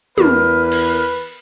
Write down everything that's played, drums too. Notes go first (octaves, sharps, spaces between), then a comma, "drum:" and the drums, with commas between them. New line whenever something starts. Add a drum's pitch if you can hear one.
E2 A#4 B4, drum: tom
drum: cymbal